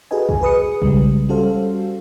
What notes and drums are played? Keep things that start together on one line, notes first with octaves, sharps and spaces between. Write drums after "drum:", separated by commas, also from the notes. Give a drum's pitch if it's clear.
F#4 G#4 A4 B4 D#5 G#5
drum: kick
G#4 B4 D#6 C#7
B1 C#3 G3 G#3, drum: kick
G3 C#4 F#4 A4 C5 F5